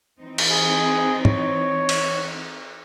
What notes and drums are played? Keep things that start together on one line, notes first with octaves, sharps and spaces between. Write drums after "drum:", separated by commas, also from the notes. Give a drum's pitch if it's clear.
E3 C4 D#4
drum: cymbal
G#4
C#5, drum: tom
drum: cymbal